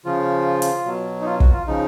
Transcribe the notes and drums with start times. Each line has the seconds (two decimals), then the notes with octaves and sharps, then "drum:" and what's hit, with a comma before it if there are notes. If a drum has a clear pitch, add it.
0.05 C#3 F3 F4
0.62 drum: hi-hat
0.86 B2 F#3
1.21 D#4
1.26 F4
1.40 F#4, drum: kick
1.53 F4
1.66 C#3 F3 D#4